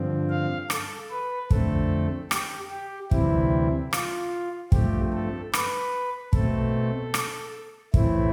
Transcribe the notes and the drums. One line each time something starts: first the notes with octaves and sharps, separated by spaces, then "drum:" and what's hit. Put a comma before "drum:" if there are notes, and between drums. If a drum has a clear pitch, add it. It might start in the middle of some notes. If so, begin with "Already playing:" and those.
Already playing: G2 D3 F3 C4
F5
A4, drum: rim click
B4
F2 D3 A3 C4 A4, drum: kick
G4, drum: rim click
G4
D2 C3 E3 G3 C4 E4, drum: kick
F4, drum: rim click
G2 F3 A3 C4 G4, drum: kick
A4
B4, drum: rim click
B2 A3 C4 A4, drum: kick
drum: rim click
A2 E3 A3 C4 E4, drum: kick